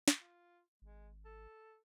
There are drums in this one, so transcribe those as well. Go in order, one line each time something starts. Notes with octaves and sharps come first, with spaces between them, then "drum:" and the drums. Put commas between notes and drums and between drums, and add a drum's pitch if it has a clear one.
drum: snare
F4
G#1 G#3
A4